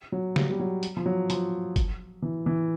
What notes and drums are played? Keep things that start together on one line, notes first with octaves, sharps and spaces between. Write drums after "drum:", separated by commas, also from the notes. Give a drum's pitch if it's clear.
F#3
G3, drum: snare
G3
F#3
drum: hi-hat
F3
F#3
F3, drum: hi-hat
drum: kick, hi-hat
E3
E3